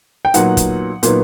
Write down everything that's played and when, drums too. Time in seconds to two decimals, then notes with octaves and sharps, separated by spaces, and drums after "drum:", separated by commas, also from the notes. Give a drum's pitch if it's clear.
0.25 G5
0.34 A#2 F#3 B3 D#4 F#5, drum: hi-hat
0.57 drum: kick, hi-hat
1.03 A#2 F#3 B3 D#4, drum: hi-hat